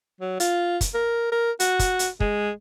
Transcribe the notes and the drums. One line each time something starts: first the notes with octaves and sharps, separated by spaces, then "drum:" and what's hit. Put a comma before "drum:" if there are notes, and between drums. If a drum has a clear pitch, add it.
F#3
F4, drum: hi-hat
drum: kick, hi-hat
A#4
A#4
F#4, drum: hi-hat
drum: kick, hi-hat
drum: hi-hat
G#3, drum: kick